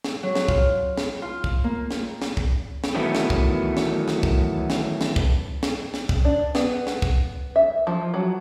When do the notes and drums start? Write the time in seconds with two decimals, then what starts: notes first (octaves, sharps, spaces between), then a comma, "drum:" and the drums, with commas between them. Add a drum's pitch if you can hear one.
0.04 drum: snare
0.23 F#3
0.35 drum: snare
0.49 F4, drum: kick
0.98 drum: snare
1.22 F4
1.44 drum: kick
1.64 A#3
1.91 drum: snare
2.22 drum: snare
2.37 drum: kick
2.84 drum: snare
2.95 D#3 E3 F#3 A3 B3
3.15 drum: snare
3.30 drum: kick
3.77 drum: snare
4.08 drum: snare
4.23 drum: kick
4.70 drum: snare
5.01 drum: snare
5.16 drum: kick
5.63 drum: snare
5.94 drum: snare
6.09 drum: kick
6.25 D4
6.55 B3, drum: snare
6.87 drum: snare
7.02 drum: kick
7.56 E5
7.87 F3
8.14 F#3